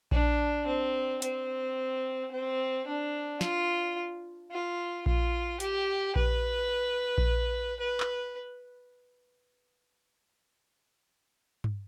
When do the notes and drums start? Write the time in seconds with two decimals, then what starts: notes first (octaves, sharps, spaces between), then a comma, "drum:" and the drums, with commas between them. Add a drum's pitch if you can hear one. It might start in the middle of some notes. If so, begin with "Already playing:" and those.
0.11 D4, drum: kick A#1
0.66 C4
1.22 C4, drum: hi-hat
2.31 C4
2.86 D4
3.41 F4, drum: snare
4.51 F4
5.06 F4, drum: kick A#1
5.60 G4, drum: hi-hat
6.16 B4, drum: kick A#1
7.18 drum: kick A#1
7.79 B4
8.00 drum: clap
11.64 drum: tom G2